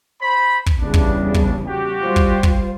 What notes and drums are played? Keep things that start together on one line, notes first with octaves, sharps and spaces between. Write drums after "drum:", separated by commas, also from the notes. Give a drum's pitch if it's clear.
C5 B5
drum: kick
E2 C#3 G3 D4
drum: kick
drum: kick
F#4 G4
G3 F4 C5
drum: kick
drum: kick